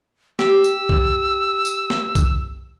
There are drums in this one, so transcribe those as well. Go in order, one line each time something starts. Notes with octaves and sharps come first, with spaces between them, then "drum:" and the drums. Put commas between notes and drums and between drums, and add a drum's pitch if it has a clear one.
G4 E6, drum: snare
drum: tambourine
drum: kick C2
drum: tambourine
drum: snare
drum: kick C2, tambourine